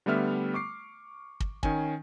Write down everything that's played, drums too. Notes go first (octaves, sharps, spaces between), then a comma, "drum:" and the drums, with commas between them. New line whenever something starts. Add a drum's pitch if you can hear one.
D3 G3 A3 B3 E5 F6
C#6 D6 C7
drum: kick
D#3 C#4 G#5, drum: kick